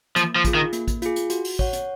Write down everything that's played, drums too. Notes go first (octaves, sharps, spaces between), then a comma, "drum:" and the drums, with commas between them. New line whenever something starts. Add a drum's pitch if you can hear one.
F3 A#3, drum: hi-hat
F3
F4 G#4, drum: kick A1, hi-hat
D#3
A#3, drum: hi-hat
drum: kick A1, hi-hat
F4 G#4, drum: hi-hat
drum: hi-hat
F#4, drum: hi-hat
drum: open hi-hat
C#5 F#5, drum: kick A1
drum: hi-hat